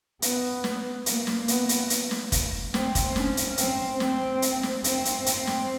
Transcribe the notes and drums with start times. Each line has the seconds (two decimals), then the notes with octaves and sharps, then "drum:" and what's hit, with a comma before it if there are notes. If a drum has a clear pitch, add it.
0.22 B3, drum: hi-hat
0.64 drum: snare
1.06 A#3, drum: hi-hat
1.27 drum: snare
1.48 B3, drum: hi-hat
1.69 drum: hi-hat
1.90 drum: hi-hat
2.11 drum: snare
2.32 drum: kick, hi-hat
2.74 C4, drum: snare
2.95 drum: kick, hi-hat
3.16 C#4, drum: snare
3.37 drum: hi-hat
3.58 C4, drum: hi-hat
4.00 C4, drum: snare
4.42 drum: hi-hat
4.63 drum: snare
4.84 C4, drum: hi-hat
5.05 drum: hi-hat
5.26 C4, drum: hi-hat
5.47 drum: snare